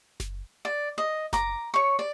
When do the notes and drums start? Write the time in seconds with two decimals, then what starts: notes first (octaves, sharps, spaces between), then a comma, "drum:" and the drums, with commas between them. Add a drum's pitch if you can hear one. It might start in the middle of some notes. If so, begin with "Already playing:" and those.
0.20 drum: snare F#1
0.65 D5
0.98 D#5
1.33 A#5 D6, drum: snare F#1
1.74 C#5 C#6
1.99 D5